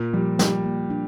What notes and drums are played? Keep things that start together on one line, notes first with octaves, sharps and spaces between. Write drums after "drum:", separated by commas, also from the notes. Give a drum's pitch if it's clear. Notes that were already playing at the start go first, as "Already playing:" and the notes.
Already playing: A#2
F3 G3
F3 G3, drum: snare
A#3
D4